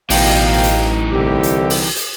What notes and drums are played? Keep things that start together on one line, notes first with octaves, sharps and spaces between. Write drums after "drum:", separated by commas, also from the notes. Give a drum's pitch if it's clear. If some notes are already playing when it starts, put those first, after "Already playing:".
A1 B2 E3 D#4 F5 G5, drum: open hi-hat
drum: hi-hat
C2 D3 G4
drum: hi-hat
drum: open hi-hat
drum: hi-hat